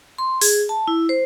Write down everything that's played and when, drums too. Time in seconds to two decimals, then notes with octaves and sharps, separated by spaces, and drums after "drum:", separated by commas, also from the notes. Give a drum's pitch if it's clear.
0.18 C6
0.42 G#4, drum: open hi-hat
0.69 A5
0.88 E4
1.09 C5